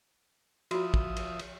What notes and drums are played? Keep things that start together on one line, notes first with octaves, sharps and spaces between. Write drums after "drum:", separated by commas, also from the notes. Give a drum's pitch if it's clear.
F3 F4 F#4 E5 D#6, drum: cymbal
drum: kick
drum: cymbal
drum: cymbal